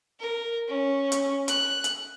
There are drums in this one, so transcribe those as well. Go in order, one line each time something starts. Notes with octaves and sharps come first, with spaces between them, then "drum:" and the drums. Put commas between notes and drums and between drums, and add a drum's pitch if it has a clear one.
A#4
C#4
drum: hi-hat
F#6, drum: hi-hat
drum: hi-hat